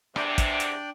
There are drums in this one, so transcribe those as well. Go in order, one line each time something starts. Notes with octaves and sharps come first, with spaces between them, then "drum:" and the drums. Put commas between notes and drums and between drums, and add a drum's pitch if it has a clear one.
E2 C3 D4 D5 G5, drum: rim click
drum: kick, hi-hat
drum: hi-hat